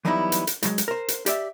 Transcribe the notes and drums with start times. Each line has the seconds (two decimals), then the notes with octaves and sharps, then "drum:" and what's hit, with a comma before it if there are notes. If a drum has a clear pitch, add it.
0.05 E3 F#3 G3 B3 D#4 E4
0.32 drum: hi-hat
0.47 drum: hi-hat
0.63 A2 F#3 G#3, drum: hi-hat
0.78 drum: hi-hat
0.88 A#4 C5
1.08 drum: hi-hat
1.26 G4 D5 E5, drum: hi-hat